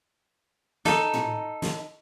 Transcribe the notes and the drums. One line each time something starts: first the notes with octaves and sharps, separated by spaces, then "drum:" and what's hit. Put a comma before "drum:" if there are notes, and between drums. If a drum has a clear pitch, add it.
D#4 A4, drum: snare
drum: tom A2
drum: snare